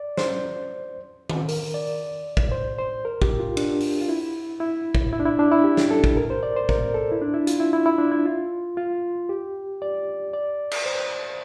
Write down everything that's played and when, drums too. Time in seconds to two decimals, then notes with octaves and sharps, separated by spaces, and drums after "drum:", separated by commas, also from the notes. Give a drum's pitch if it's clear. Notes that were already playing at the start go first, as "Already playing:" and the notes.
Already playing: D5
0.17 C5, drum: snare
1.30 drum: tom D#3
1.48 A#4, drum: open hi-hat
1.74 D5
2.37 drum: kick
2.52 C5
2.79 C5
3.05 A#4
3.22 G4, drum: kick
3.40 F4
3.57 D4, drum: cymbal
3.80 drum: open hi-hat
4.01 F4
4.09 E4
4.60 E4
4.95 drum: kick
5.13 E4
5.20 D4
5.26 E4
5.39 D4
5.52 E4
5.64 G4
5.77 drum: snare
5.91 A4
6.04 drum: kick
6.17 A#4
6.30 C5
6.43 D5
6.56 C5
6.69 A#4, drum: kick
6.94 A4
7.12 E4
7.21 D4
7.34 E4
7.47 F4, drum: hi-hat
7.60 E4
7.73 E4
7.86 E4
7.98 D4
8.12 E4
8.26 F4
8.77 F4
9.29 G4
9.82 D5
10.33 D5
10.71 drum: cymbal
10.86 C5